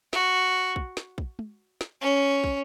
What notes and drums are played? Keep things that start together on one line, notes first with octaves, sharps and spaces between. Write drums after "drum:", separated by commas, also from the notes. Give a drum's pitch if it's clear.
F#4, drum: snare
drum: kick
drum: snare
drum: kick
drum: tom
drum: snare
C#4
drum: kick